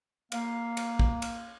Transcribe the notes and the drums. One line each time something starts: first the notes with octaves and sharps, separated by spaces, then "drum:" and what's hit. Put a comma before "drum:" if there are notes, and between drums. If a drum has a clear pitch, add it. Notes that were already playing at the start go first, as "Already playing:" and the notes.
A#3 F5, drum: cymbal
drum: cymbal
drum: kick
drum: cymbal